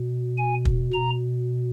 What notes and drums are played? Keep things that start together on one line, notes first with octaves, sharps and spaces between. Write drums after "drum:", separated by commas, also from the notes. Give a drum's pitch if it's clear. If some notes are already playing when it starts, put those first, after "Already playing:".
Already playing: B2
G#5
drum: kick
B2 A#5